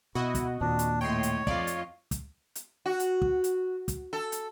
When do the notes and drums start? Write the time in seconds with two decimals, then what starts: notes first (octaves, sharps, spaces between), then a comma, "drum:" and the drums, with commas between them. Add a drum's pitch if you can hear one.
0.15 B2 E4 F#4 D#5
0.35 drum: kick, hi-hat
0.61 D#2 A#2 C4 D4
0.79 drum: hi-hat
1.01 A2 C#5 D#5 G5 C6
1.23 drum: hi-hat
1.47 F2 F4 D5 D#5, drum: kick
1.67 drum: hi-hat
2.11 drum: kick, hi-hat
2.55 drum: hi-hat
2.86 F#4
3.00 drum: hi-hat
3.22 drum: kick
3.44 drum: hi-hat
3.88 drum: kick, hi-hat
4.13 A4
4.32 drum: hi-hat